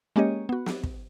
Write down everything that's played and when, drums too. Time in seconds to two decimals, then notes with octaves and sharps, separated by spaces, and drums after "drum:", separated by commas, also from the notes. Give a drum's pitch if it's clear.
0.16 G#3 A#3 C#4 G4 C#5 D#5
0.49 B3 F#4
0.66 drum: snare
0.84 drum: kick